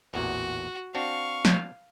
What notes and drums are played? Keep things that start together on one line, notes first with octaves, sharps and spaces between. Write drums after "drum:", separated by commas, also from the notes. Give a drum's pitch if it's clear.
A1 E2 A#2 F#4
C4 D4 F#4 F5 C#6
drum: snare